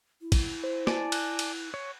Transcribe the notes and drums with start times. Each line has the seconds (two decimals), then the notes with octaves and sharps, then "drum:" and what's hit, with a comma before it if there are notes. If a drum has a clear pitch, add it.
0.22 E4
0.32 drum: kick, cymbal
0.64 C5
0.87 D5 G#5 A5, drum: snare
1.12 F#6, drum: cymbal
1.39 drum: cymbal
1.74 C#5